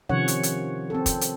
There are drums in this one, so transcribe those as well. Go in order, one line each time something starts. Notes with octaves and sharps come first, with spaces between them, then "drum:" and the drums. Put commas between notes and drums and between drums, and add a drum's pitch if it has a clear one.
C3 D#3 F3 C#4 C#5 F#5
drum: hi-hat
drum: hi-hat
C4 A4
drum: kick, hi-hat
drum: hi-hat